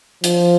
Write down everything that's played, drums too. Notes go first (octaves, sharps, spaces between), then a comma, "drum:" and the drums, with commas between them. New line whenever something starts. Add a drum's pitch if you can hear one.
F3, drum: hi-hat